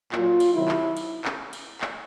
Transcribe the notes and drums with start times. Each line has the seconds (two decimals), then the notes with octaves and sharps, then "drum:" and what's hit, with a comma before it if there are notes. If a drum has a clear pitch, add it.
0.12 A#2 F#3 F4, drum: clap
0.40 drum: cymbal
0.54 C3 D#3 F#3 E4
0.68 drum: clap
0.97 drum: cymbal
1.25 drum: clap
1.53 drum: cymbal
1.81 drum: clap